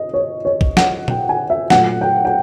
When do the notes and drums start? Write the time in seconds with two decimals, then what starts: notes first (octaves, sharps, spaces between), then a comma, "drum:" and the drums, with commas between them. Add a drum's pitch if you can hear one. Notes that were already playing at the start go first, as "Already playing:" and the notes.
Already playing: D#5
0.14 C#5
0.45 C#5
0.61 drum: kick
0.77 F#5, drum: snare
1.08 G5, drum: tom A#2
1.29 G#5
1.50 E5
1.70 A#2 F#3 A3 F#5, drum: snare
2.01 G5
2.25 G5